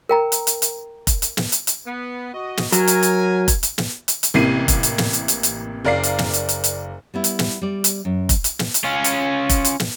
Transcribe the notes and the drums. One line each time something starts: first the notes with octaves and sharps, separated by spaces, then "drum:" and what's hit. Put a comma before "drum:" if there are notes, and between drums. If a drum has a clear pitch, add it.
A#4 G5 A#5
drum: hi-hat
drum: hi-hat
drum: hi-hat
drum: kick F1, hi-hat
drum: hi-hat
drum: snare
drum: hi-hat
drum: hi-hat
B3
F#4 D#5
drum: snare
F#3 A#4 G#5, drum: hi-hat
drum: hi-hat
drum: hi-hat
drum: kick F1, hi-hat
drum: hi-hat
drum: snare
drum: hi-hat
drum: hi-hat
A1 C3 A#3 E4 C7 D#7
drum: kick F1, hi-hat
drum: hi-hat
drum: snare
drum: hi-hat
drum: hi-hat
drum: hi-hat
F#1 A#4 D5 F5 C7
drum: hi-hat
drum: snare
drum: hi-hat
drum: hi-hat
drum: hi-hat
G3 B3 E4
drum: hi-hat
drum: snare
G3 D5
drum: hi-hat
F#2
drum: kick F1, hi-hat
drum: hi-hat
drum: snare
drum: hi-hat
C#4 F4
drum: hi-hat
drum: kick F1, hi-hat
drum: hi-hat
drum: snare